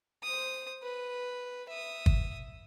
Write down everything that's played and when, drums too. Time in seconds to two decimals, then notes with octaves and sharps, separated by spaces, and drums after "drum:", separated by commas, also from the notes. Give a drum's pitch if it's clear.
0.23 C5 D#6
0.83 B4
1.69 E5 D#6
2.06 drum: kick